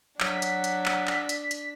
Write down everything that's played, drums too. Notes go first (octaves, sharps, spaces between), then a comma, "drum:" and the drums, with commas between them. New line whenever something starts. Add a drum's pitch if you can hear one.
F#3 D4 F#5 B6, drum: clap
drum: hi-hat
drum: hi-hat
drum: clap
drum: clap
drum: hi-hat
drum: hi-hat